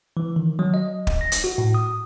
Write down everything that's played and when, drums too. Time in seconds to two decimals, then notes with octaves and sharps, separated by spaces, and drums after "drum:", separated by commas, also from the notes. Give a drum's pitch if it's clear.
0.17 E3
0.36 D#3
0.59 F#3
0.74 D#5
1.07 drum: kick
1.21 A#6
1.32 drum: hi-hat
1.44 F#4
1.58 A2
1.74 D#6